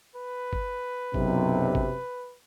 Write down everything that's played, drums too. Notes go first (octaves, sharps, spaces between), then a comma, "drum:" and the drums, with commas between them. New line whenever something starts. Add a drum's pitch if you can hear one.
B4
drum: kick G1
B1 F#2 C3, drum: kick G1
drum: kick G1